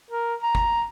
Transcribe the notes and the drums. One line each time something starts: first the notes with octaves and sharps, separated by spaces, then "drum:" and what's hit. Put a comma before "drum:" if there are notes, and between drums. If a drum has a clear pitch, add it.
A#4
A#5
drum: kick